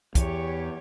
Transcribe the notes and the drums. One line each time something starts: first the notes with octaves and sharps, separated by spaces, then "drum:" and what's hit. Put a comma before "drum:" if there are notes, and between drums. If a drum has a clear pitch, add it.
E2 G4 C#5, drum: kick, hi-hat